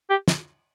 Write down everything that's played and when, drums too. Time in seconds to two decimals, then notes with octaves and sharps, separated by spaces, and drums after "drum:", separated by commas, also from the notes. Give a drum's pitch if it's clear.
0.10 G4
0.28 drum: snare